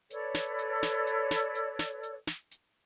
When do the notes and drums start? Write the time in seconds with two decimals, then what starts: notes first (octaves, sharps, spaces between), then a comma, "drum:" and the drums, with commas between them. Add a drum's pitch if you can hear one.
0.10 A4 B4 C#5 D5, drum: hi-hat
0.34 drum: snare
0.59 drum: hi-hat
0.83 drum: snare
1.07 drum: hi-hat
1.31 drum: snare
1.55 drum: hi-hat
1.79 drum: snare
2.03 drum: hi-hat
2.27 drum: snare
2.51 drum: hi-hat